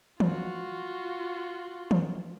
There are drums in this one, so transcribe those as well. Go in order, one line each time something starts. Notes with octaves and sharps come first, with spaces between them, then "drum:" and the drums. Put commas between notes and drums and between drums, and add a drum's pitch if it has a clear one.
F4 F#4, drum: tom D#3
drum: tom D#3